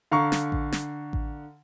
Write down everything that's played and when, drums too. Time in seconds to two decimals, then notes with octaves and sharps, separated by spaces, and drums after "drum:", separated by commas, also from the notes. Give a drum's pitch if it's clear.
0.12 D3 F5 A#5 C#6
0.32 drum: snare
0.52 drum: kick A1
0.72 drum: snare
1.13 drum: kick A1